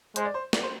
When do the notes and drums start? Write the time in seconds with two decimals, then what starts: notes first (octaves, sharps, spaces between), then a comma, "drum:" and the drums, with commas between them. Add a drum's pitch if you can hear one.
0.16 G#3 C5, drum: hi-hat
0.25 D5
0.34 C5
0.53 D5, drum: snare
0.63 C5